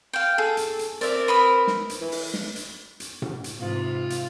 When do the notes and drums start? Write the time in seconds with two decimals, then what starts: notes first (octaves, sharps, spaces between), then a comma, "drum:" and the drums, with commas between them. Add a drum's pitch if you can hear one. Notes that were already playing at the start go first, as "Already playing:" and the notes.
0.13 F5 G5
0.38 G#4 A4
0.57 drum: hi-hat
0.79 drum: hi-hat
1.01 C4 A#4 D5 E5, drum: hi-hat
1.28 B4 B5 D#6
1.67 drum: snare
1.89 drum: hi-hat
2.00 E3
2.12 drum: open hi-hat
2.34 drum: snare
2.56 drum: hi-hat
3.00 drum: hi-hat
3.22 drum: tom A2
3.44 drum: hi-hat
3.58 G#2 C3 E3 F4
4.10 drum: hi-hat